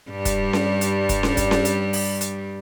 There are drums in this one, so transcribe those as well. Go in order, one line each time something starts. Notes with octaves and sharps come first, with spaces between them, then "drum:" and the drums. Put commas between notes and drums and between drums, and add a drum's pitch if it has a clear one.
G2 G3
drum: kick, hi-hat
drum: snare C#4
drum: hi-hat
drum: kick, hi-hat
drum: snare C#4
drum: kick, hi-hat
drum: snare C#4
drum: hi-hat
drum: open hi-hat
drum: hi-hat